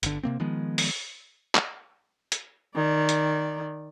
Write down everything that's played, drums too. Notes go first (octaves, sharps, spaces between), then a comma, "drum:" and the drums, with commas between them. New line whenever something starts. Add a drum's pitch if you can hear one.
G1 D3, drum: hi-hat
C3 A#3 C4
D#3 F3 G#3 B3
drum: open hi-hat
drum: clap
drum: hi-hat
D#3 D5
drum: hi-hat